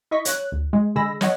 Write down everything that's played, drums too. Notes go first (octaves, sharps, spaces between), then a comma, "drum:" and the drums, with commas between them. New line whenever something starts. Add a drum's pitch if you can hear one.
E4 D#5 C#6 B6
C#5 F#6, drum: hi-hat
D2
G#3
D3 G#3 G#4 B5 E6 A#6
C#5 D#5 F#5, drum: snare